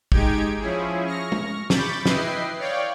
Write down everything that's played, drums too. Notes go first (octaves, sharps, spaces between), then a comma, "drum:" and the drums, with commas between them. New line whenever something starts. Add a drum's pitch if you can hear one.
G#3 D#4 G4 G5 G#6 D7, drum: kick
F3 C#4 E4 G#4
C#6 F6 A#6
drum: tom G#3
B5 C#6 D6 G6 A6 B6, drum: snare
E4 B4 D#5 G5 C7, drum: snare
C#5 D5 F5 G5